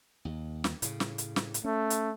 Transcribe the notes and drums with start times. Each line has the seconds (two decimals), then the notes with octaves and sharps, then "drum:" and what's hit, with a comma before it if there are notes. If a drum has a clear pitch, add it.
0.25 D#2
0.64 drum: snare
0.82 A2 C#3, drum: hi-hat
1.00 drum: snare
1.18 drum: hi-hat
1.36 drum: snare
1.54 drum: hi-hat
1.64 A3 C#4
1.90 drum: hi-hat